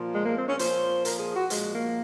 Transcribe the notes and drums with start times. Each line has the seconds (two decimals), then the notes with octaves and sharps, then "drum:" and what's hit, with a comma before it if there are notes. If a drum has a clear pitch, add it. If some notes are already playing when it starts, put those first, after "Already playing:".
Already playing: A#2 F3
0.14 G#3
0.25 A#3
0.36 C4
0.49 C#4
0.59 A#2 F3 C5, drum: hi-hat
1.05 A#4, drum: hi-hat
1.19 G#4
1.36 F#4
1.50 A#2 F3 G#3, drum: hi-hat
1.73 A#3